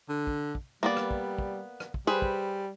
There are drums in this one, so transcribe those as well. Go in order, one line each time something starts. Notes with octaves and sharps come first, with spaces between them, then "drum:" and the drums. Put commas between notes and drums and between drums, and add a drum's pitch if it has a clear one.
D3
drum: kick
drum: kick
G3 A#3 B3 D5
drum: rim click
drum: kick
drum: kick
drum: rim click
drum: kick
G3 G#4 B4 C5
drum: kick